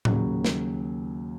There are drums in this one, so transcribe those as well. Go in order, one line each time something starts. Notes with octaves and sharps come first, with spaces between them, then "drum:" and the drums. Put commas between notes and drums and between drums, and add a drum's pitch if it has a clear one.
D#2 C#3 F#3, drum: tom A2
drum: snare